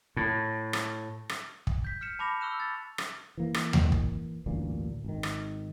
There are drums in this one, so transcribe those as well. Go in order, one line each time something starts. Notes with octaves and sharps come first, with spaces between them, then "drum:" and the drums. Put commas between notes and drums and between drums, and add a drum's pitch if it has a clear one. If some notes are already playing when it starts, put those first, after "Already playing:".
A2
drum: rim click
drum: rim click
drum: kick
G6 B6
F6 B6 C#7 E7
A5 B5 D6 A#6 F7
C#6 E6 F#6 E7
A6
drum: rim click
E3 A#3
drum: rim click
drum: tom D#2
drum: kick
A1 D2 G2 A#2
G#1 D#3
drum: rim click